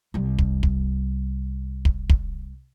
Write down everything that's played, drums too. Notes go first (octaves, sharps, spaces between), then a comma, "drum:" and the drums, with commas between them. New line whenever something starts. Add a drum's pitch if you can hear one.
C2 G3
drum: kick
drum: kick
drum: kick
drum: kick